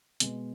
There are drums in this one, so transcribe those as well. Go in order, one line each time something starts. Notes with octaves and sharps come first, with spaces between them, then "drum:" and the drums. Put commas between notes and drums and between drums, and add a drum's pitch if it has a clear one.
B2 G#3 B3, drum: hi-hat